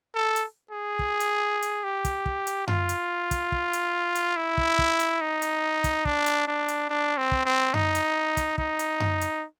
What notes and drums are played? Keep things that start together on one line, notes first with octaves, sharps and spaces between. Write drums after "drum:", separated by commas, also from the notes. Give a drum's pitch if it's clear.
A4
drum: hi-hat
G#4
drum: kick
drum: hi-hat
drum: hi-hat
G4
drum: kick, hi-hat
drum: kick
drum: hi-hat
F4, drum: tom F#2
drum: hi-hat
drum: kick, hi-hat
drum: kick
drum: hi-hat
drum: hi-hat
E4
drum: kick
drum: kick
drum: hi-hat
D#4
drum: hi-hat
drum: kick, hi-hat
D4, drum: kick
drum: hi-hat
D4
drum: hi-hat
D4
C4
drum: kick
C4
D#4, drum: tom F#2
drum: hi-hat
drum: kick, hi-hat
D#4, drum: kick
drum: hi-hat
drum: tom F#2
drum: hi-hat